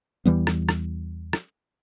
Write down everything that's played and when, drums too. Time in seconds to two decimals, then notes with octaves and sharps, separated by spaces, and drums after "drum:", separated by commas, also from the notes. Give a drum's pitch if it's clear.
0.25 E2 E3 G3 B3
0.47 drum: rim click
0.69 drum: rim click
1.33 drum: rim click